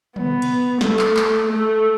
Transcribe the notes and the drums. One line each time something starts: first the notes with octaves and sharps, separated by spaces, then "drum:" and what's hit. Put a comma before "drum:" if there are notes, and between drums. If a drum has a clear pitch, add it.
B3, drum: tom
drum: cymbal
A3, drum: snare
drum: clap
drum: clap
A3